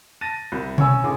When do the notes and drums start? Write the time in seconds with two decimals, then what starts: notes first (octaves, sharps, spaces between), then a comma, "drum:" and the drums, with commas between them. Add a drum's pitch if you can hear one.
0.21 A5 A6 A#6 D#7
0.52 C2
0.78 C#4 C#5 G#5 E6, drum: tom B2
1.03 A1 D3 G#4 D6